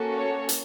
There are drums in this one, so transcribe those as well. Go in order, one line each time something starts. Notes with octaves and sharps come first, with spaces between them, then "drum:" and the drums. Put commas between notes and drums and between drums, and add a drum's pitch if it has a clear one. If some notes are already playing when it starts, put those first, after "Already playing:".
Already playing: A#3 C#4 F#4 A4
C#5
drum: hi-hat